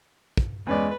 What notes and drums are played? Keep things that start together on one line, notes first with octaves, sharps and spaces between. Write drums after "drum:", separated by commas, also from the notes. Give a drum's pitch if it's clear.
drum: kick
E2 G#3 C#4 B4 D5